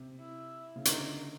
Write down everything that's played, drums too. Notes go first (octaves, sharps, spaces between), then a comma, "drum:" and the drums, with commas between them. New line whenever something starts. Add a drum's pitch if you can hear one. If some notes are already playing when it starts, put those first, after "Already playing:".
Already playing: C3
E4
C#3
D3 D#4, drum: hi-hat